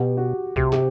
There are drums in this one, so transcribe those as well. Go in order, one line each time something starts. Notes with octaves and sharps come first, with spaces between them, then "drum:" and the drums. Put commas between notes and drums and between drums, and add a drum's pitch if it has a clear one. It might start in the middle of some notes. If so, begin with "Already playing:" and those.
Already playing: B2 G4
F#4
C3 G4, drum: kick
G4, drum: clap